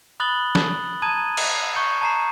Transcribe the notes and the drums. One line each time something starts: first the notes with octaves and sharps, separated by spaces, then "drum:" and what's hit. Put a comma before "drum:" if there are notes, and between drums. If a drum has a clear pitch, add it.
B5 D#6 F#6 A6 F#7 G7
drum: snare
A5 A#5 D#6 G#6 D#7
drum: cymbal
C#6 G6 C#7
A5 A#5 C7